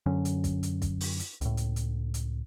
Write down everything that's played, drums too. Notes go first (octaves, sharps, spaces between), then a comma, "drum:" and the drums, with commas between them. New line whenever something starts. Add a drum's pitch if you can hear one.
F#2 D3 F#3 C#4
drum: hi-hat
drum: kick, hi-hat
drum: hi-hat
drum: kick, hi-hat
drum: open hi-hat
drum: hi-hat
C#2 A2, drum: hi-hat
drum: hi-hat
drum: hi-hat
drum: hi-hat